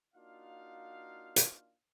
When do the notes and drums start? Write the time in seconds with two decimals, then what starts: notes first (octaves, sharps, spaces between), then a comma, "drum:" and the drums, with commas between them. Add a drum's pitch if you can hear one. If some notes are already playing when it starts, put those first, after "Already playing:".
0.15 A#3 D4 D#4 F4 F#4 F5
1.36 drum: hi-hat